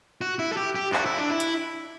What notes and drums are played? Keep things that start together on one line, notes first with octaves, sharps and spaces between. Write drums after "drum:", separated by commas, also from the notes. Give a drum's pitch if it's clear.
F#4
E4
A4
G4
G4
F#4, drum: clap
E4
D4
E4
drum: hi-hat